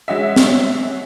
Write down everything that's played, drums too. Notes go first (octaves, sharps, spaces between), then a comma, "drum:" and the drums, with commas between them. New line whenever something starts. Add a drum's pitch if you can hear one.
G#3 C#4 F#4 D#5 E5
drum: snare